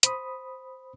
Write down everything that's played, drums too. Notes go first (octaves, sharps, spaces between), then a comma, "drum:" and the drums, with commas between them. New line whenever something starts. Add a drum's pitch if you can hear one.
C5 B5 D#6, drum: hi-hat